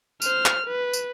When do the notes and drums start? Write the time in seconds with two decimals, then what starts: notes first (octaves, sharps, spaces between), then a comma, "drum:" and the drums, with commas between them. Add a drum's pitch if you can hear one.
0.22 C5 F6, drum: tambourine
0.46 drum: clap
0.66 B4
0.93 drum: tambourine